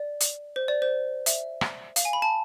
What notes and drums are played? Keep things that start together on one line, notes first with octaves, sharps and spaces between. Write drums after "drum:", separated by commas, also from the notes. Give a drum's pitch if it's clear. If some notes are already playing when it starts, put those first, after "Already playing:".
Already playing: D5
drum: hi-hat
C5
D5
C5
E5, drum: hi-hat
drum: rim click
F5, drum: hi-hat
G#5
B5
A5